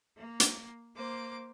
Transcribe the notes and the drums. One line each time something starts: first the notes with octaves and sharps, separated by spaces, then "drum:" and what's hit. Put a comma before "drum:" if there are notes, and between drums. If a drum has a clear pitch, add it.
A#3
drum: hi-hat
A#3 C5 D6